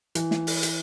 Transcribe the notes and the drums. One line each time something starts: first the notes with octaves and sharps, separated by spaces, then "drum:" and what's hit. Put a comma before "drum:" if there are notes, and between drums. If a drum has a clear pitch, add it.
E3, drum: hi-hat
drum: snare
drum: open hi-hat
drum: hi-hat